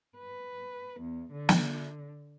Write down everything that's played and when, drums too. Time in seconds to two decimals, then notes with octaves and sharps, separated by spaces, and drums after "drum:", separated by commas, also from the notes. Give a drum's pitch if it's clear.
0.18 B4
1.00 E2
1.32 D3
1.49 drum: snare